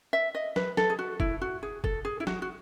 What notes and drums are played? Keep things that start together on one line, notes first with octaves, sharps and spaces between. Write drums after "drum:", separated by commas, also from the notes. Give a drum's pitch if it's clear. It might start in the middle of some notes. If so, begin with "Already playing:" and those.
E5
D#5
B4, drum: snare
A4, drum: snare
G#4
F#4
E4, drum: kick
F#4
G#4
A4, drum: kick
G#4
E4
F#4, drum: snare
F#4